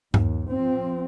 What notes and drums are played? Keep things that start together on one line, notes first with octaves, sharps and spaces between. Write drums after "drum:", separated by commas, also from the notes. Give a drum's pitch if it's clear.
D#2, drum: tom G2
F3 C4